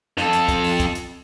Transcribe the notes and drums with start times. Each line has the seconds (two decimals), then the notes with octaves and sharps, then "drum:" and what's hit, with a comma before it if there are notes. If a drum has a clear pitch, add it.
0.17 F2 A4, drum: snare
0.33 drum: hi-hat
0.49 drum: kick, hi-hat
0.64 drum: open hi-hat
0.80 drum: kick, hi-hat
0.95 drum: hi-hat